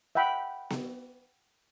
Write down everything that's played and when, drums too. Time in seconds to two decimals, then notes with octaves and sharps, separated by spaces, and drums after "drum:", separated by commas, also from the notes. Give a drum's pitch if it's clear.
0.15 E5 F#5 G5 B5
0.70 drum: snare B3